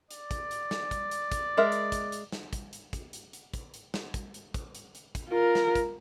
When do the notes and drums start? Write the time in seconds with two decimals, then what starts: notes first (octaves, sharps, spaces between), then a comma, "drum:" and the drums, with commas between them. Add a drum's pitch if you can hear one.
0.11 D5, drum: hi-hat
0.31 drum: kick, hi-hat
0.51 drum: hi-hat
0.71 drum: snare
0.91 drum: kick, hi-hat
1.11 drum: hi-hat
1.32 drum: kick, hi-hat
1.57 G#3 A#4 E5
1.72 drum: hi-hat
1.92 drum: kick, hi-hat
2.12 drum: hi-hat
2.32 drum: snare
2.53 drum: kick, hi-hat
2.73 drum: hi-hat
2.93 drum: kick, hi-hat
3.13 drum: hi-hat
3.33 drum: hi-hat
3.54 drum: kick, hi-hat
3.74 drum: hi-hat
3.94 drum: snare
4.14 drum: kick, hi-hat
4.34 drum: hi-hat
4.54 drum: kick, hi-hat
4.75 drum: hi-hat
4.95 drum: hi-hat
5.15 drum: kick, hi-hat
5.29 F4 A#4
5.55 drum: snare
5.75 drum: kick, hi-hat